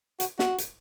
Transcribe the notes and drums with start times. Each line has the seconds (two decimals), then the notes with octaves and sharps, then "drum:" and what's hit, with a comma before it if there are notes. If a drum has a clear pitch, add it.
0.20 F#4, drum: hi-hat
0.39 F#4, drum: snare
0.58 drum: hi-hat